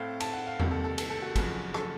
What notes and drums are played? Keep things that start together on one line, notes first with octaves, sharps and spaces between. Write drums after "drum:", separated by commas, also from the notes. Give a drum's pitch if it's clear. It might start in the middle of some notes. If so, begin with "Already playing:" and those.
Already playing: A2 A3 C4 F5
A5, drum: cymbal
F#5
F5
C2 C3 D#3 A#3, drum: tom E2
A4
A4
A4, drum: cymbal
A4
F#4
F#1 F#2 C#3 F3, drum: kick, cymbal
A4, drum: rim click